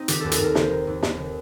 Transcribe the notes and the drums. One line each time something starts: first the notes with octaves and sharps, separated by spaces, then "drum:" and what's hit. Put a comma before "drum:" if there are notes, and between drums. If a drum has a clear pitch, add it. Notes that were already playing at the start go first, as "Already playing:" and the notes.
Already playing: C4 D#4
D#3 G4, drum: hi-hat
D#2 A4
A4, drum: hi-hat
D#2 A#4
D#3 C5, drum: snare
D#3
D#2
D#2, drum: snare
D#3